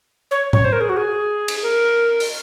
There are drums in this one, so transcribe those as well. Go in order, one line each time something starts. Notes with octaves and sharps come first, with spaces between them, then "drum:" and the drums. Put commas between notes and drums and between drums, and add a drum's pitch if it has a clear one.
C#5
C#5, drum: tom A2
C5
A#4
G#4
F#4
G#4
drum: cymbal
A#4
drum: open hi-hat